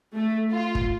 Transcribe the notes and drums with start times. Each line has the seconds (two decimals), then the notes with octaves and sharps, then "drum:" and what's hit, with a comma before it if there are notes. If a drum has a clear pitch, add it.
0.16 A3
0.52 F4
0.75 drum: kick